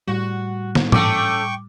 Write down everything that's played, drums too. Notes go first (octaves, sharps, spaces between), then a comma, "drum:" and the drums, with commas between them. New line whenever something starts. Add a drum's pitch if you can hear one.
A2 G3 F#4
drum: snare
A3 C#4 G5 C#6 D6, drum: tom